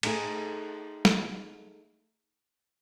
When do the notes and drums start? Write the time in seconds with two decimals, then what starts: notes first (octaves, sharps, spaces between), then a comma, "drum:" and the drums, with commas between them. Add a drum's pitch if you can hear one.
0.03 A3 D#4 G#4, drum: cymbal
1.05 drum: snare